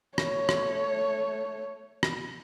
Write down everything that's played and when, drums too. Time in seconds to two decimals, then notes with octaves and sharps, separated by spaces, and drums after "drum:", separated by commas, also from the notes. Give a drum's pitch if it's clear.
0.18 A3 C#5, drum: rim click
0.49 drum: rim click
2.03 drum: rim click